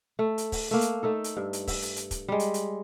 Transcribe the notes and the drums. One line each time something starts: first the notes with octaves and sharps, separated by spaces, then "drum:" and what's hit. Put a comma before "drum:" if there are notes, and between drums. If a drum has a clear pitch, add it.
A3
drum: hi-hat
drum: kick, open hi-hat
A3 A#3
drum: hi-hat
A3 D#4 A4
drum: hi-hat
G2
drum: hi-hat
E5, drum: kick, open hi-hat
drum: hi-hat
drum: hi-hat
drum: kick, hi-hat
G3 G#3
drum: hi-hat
drum: hi-hat